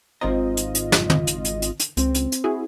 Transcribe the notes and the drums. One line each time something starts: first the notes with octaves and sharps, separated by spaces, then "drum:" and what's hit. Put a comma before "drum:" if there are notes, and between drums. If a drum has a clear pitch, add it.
G#1 C4 F4 C5 D#5 A#5
drum: hi-hat
drum: hi-hat
drum: snare
drum: tom
drum: hi-hat
drum: hi-hat
drum: hi-hat
drum: hi-hat
C#2 C4, drum: hi-hat
drum: hi-hat
drum: hi-hat
E4 F#4 G#4